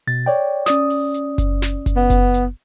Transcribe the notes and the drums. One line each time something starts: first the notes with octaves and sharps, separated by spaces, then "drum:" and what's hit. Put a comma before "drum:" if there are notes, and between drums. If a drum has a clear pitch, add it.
B2 A6
C#5 D5 G5
C#4 D5 D#6, drum: snare
drum: open hi-hat
drum: hi-hat
drum: kick F#1, hi-hat
drum: snare
drum: kick F#1, hi-hat
B3
drum: kick F#1, hi-hat
drum: hi-hat